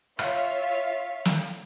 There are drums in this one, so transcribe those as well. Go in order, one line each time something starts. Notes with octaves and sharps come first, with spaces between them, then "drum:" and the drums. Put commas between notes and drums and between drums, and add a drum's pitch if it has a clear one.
F4 C#5 E5 F5, drum: rim click
drum: snare